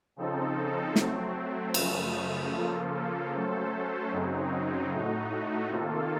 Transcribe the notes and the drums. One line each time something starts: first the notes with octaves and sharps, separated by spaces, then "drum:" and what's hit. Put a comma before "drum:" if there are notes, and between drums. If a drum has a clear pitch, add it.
C#3 F3 C4 D#4 A4
F#3 A3 C4, drum: snare
F#2 C#3 F3 A3, drum: cymbal
C#3 F3 A#3 F4 A4
F#3 A3 C#4 A4 C5
F#2 C#3 F#3 C4 D#4
A2 A3 D#4 F#4
C3 D#3 A#3 F4 A4